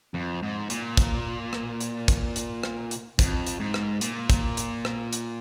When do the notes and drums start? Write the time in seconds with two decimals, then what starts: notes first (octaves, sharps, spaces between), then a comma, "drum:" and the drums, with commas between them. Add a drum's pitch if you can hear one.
0.14 F2
0.43 G#2
0.70 A#2, drum: hi-hat
0.97 drum: kick, hi-hat
1.53 drum: rim click
1.80 drum: hi-hat
2.08 drum: kick, hi-hat
2.36 drum: hi-hat
2.63 drum: rim click
2.91 drum: hi-hat
3.19 F2, drum: kick, hi-hat
3.47 drum: hi-hat
3.60 G#2
3.74 drum: rim click
4.01 A#2, drum: hi-hat
4.30 drum: kick, hi-hat
4.57 drum: hi-hat
4.85 drum: rim click
5.13 drum: hi-hat